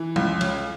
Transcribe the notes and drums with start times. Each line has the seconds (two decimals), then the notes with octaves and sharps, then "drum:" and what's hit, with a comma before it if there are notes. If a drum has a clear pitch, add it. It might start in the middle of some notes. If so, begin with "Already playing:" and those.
Already playing: E3
0.16 C#2, drum: tom
0.41 C#3, drum: cymbal